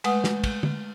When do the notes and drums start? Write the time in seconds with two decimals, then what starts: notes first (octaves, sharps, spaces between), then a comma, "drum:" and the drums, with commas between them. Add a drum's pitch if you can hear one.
0.04 G#3 A3 B4 F#5 D#6, drum: cymbal
0.24 drum: snare
0.44 drum: kick, cymbal
0.63 drum: tom